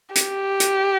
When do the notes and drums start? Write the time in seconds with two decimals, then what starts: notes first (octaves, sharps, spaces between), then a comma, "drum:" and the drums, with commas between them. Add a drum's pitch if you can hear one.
0.15 G4, drum: hi-hat
0.60 drum: hi-hat